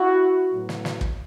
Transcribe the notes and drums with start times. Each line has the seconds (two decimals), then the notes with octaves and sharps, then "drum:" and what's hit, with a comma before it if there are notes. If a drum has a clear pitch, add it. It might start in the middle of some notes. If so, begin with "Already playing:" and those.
Already playing: E4 F#4
0.53 A2 F#3 B3
0.69 drum: snare
0.85 drum: snare
1.01 drum: kick